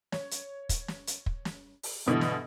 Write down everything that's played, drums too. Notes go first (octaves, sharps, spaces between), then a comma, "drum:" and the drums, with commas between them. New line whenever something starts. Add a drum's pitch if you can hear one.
C#5, drum: snare
drum: hi-hat
drum: kick, hi-hat
drum: snare
drum: hi-hat
drum: kick
drum: snare
drum: open hi-hat
G2 B2 D3 E3
drum: snare